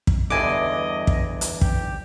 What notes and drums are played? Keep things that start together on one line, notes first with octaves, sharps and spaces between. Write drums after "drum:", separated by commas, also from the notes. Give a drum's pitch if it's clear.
drum: kick
E2 G2 D3 E3 D#5 G#5 D6
drum: kick
drum: hi-hat
G4, drum: kick